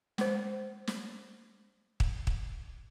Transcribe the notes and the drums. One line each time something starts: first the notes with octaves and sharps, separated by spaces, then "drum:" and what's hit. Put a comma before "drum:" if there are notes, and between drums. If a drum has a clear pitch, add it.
G#3 C5, drum: snare
drum: snare
drum: kick
drum: kick